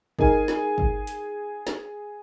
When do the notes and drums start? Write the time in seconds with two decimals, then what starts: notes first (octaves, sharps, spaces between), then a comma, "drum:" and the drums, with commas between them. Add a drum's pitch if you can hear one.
0.19 D#4 G#4 A#4 G#5, drum: kick
0.48 drum: snare
0.78 drum: kick
1.07 drum: hi-hat
1.67 drum: snare